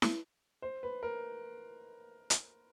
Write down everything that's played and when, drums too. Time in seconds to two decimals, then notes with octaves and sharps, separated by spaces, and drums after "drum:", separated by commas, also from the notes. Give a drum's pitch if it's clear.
0.02 drum: snare E4
0.62 C5
0.83 B4
1.03 A#4
2.30 drum: hi-hat